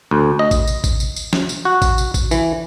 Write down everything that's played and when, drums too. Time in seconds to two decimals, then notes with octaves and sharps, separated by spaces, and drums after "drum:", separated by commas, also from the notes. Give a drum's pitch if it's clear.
0.11 D2
0.39 D#5
0.51 drum: kick A1, tambourine
0.67 drum: tambourine
0.84 drum: kick A1, tambourine
1.00 drum: tambourine
1.16 drum: tambourine
1.33 drum: snare
1.49 drum: tambourine
1.65 F#4
1.82 drum: kick A1, tambourine
1.98 drum: tambourine
2.14 drum: kick A1, tambourine
2.31 E3, drum: tambourine